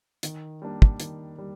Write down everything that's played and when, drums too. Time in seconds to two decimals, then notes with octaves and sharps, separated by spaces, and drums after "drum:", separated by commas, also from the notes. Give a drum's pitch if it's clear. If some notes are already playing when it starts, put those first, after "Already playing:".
0.23 D#3, drum: hi-hat
0.62 G3 A#3 D4
0.82 drum: kick
1.00 D#3, drum: hi-hat
1.38 G3